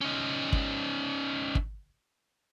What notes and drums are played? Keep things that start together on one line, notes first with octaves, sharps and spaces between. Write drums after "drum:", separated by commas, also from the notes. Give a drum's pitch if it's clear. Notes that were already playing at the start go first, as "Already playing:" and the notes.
C#4 D#4
drum: kick
drum: kick